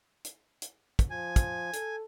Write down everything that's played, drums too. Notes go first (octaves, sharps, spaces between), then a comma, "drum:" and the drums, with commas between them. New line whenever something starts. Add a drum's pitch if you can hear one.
drum: hi-hat
drum: hi-hat
drum: kick, hi-hat
F3 G#5
drum: kick, hi-hat
A4, drum: hi-hat